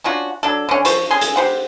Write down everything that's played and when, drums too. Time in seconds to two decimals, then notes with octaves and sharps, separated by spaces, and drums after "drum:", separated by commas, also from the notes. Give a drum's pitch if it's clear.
0.04 C#4 D4 F4 F#4
0.43 F#3 D4 A4
0.69 D3 C#4
0.85 F3 C5 C#6, drum: hi-hat
1.11 C#4 G#4 G#5 C6
1.21 drum: hi-hat
1.36 G4 C5 F#5